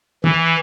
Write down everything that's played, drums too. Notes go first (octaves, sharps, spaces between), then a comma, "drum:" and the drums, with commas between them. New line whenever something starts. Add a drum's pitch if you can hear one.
E3, drum: tom